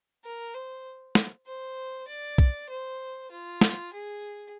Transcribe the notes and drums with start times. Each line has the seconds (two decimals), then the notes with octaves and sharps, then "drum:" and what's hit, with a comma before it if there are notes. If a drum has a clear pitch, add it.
0.24 A#4
0.54 C5
1.15 drum: snare
1.46 C5
2.07 D5
2.38 drum: kick B1
2.69 C5
3.31 F4
3.61 drum: snare
3.93 G#4